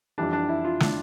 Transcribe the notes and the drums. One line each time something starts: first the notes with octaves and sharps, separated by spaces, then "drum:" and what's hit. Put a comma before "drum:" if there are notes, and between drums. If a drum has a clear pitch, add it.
F2 E3 G3 D4
D4
E4
F4
D4, drum: snare